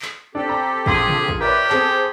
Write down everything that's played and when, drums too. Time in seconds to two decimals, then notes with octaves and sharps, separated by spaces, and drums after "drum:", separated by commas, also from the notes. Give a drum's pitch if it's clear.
0.02 drum: clap
0.35 C4 D4 G4 A4
0.49 A#5
0.86 A#1 G#4 C6 F#7, drum: kick A1
1.07 drum: tom C3
1.28 drum: kick A1
1.41 G4 A#4 B4 C#5 D5 E5
1.69 C4 G#4 A4 A5, drum: clap